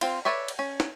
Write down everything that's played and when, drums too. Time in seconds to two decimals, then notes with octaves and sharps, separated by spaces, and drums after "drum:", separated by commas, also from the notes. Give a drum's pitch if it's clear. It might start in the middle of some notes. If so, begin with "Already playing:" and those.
0.01 C4 F4, drum: cymbal
0.25 A4 B4 C#5 D5 E5
0.48 drum: cymbal
0.59 C#4
0.80 drum: snare